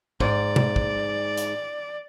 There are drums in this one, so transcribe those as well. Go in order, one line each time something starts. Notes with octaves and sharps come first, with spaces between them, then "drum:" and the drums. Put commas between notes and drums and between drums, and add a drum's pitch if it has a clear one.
G#2 D5, drum: kick
drum: tom
drum: kick
drum: hi-hat